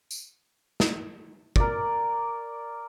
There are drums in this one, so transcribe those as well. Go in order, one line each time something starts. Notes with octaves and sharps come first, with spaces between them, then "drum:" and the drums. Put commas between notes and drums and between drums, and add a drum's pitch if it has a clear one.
drum: tambourine
drum: snare
A#4 D5, drum: kick